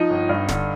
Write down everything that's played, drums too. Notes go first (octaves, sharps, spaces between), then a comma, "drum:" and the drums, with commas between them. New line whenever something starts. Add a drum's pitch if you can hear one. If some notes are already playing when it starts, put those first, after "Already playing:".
Already playing: F3 D#4 D#5
G1
G2
D3, drum: snare